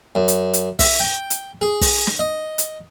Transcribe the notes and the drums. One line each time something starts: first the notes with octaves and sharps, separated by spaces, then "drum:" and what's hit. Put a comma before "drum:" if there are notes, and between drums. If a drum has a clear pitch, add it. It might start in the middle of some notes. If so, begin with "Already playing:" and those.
F#2
drum: hi-hat
drum: hi-hat
E5, drum: kick, open hi-hat
G5
drum: hi-hat
G#4
drum: kick, open hi-hat
drum: snare
D#5
drum: hi-hat